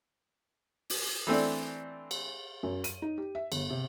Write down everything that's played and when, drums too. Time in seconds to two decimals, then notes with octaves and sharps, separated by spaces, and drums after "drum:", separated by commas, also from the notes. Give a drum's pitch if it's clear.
0.90 drum: open hi-hat
1.27 E3 A3 C4 D4
2.11 drum: cymbal
2.63 F#2
2.84 D#7, drum: hi-hat
3.02 D#4
3.18 G4
3.35 E5
3.52 G1, drum: cymbal
3.70 C3